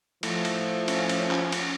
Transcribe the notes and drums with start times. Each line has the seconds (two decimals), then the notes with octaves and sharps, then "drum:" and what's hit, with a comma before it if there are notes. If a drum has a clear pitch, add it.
0.23 F3 A3 E4, drum: cymbal
0.45 drum: cymbal
0.88 C#4, drum: cymbal
1.09 drum: cymbal
1.31 drum: clap
1.52 drum: cymbal